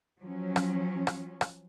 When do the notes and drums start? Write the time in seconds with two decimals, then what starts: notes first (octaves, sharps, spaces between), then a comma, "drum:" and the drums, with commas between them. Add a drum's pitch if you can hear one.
0.22 F3 F#3 C#4
0.56 drum: rim click
1.07 drum: rim click
1.41 drum: rim click